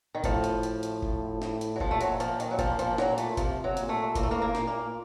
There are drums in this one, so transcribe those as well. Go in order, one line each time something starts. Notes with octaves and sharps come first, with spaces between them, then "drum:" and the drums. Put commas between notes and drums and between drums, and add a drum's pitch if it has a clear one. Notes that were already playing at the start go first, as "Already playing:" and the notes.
D#3
A2 F3, drum: kick, hi-hat
drum: hi-hat
drum: hi-hat
drum: hi-hat
drum: kick
drum: snare E4
drum: hi-hat
F#3
A#2 F3, drum: kick
A3
F#3, drum: hi-hat
F3, drum: hi-hat
D#3, drum: hi-hat
F#3
F3, drum: kick, hi-hat
F3, drum: hi-hat
F#3, drum: snare E4
A3, drum: hi-hat
C3 F3, drum: kick, hi-hat
F#3
A#2, drum: hi-hat
A3
A2 A#3, drum: kick, hi-hat
A3
A#3
A#3
A#2, drum: snare E4
A#3